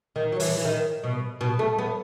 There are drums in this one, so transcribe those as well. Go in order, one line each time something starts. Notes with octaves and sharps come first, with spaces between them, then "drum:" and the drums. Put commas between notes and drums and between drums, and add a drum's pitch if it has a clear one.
D#3
F#3
E3, drum: open hi-hat
E3
D#3
B2
B2
A3
B3